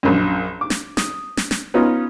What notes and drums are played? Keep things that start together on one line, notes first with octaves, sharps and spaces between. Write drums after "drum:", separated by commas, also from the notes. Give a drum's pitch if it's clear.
A#1 F#2
D6
drum: snare
D#6, drum: snare
drum: snare
drum: snare
B3 C#4 D#4 F4